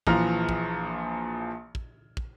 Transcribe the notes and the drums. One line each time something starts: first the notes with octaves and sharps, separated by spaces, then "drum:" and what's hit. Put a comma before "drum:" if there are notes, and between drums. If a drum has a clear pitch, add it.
A#1 E3 F3 A#5 F6, drum: kick
drum: kick
drum: kick
drum: kick